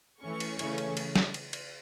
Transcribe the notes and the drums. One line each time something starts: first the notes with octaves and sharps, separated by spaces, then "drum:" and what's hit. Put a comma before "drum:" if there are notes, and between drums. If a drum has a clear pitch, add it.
E3 A3 C#4 C#6
drum: cymbal
C#3 E3 A3 C#4, drum: cymbal
drum: cymbal
drum: cymbal
drum: snare
drum: cymbal
drum: cymbal